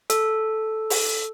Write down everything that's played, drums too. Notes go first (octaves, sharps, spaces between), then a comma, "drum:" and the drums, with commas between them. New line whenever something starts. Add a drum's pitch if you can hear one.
A4, drum: hi-hat
drum: open hi-hat